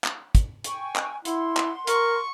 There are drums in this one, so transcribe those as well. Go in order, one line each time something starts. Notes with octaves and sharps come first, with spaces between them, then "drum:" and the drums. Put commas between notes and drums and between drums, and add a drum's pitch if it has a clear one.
drum: clap
drum: kick, hi-hat
G5 G#5 C#6, drum: hi-hat
drum: clap
E4 F#5 C6, drum: hi-hat
drum: clap
A#4 C#6, drum: hi-hat